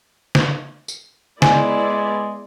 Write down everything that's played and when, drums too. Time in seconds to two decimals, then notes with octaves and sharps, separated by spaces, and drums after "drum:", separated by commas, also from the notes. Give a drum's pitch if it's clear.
0.35 drum: snare
0.88 drum: tambourine
1.42 G#3 B3 E4 D5 G#5, drum: snare